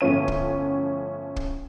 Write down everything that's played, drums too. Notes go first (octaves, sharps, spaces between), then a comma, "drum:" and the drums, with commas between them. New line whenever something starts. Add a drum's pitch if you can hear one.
G1 A2 F3 C#4 D#7
drum: kick
drum: kick